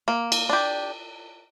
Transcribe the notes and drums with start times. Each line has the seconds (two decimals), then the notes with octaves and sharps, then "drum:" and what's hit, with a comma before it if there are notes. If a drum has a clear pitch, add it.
0.08 A#3
0.32 drum: cymbal
0.49 D4 G4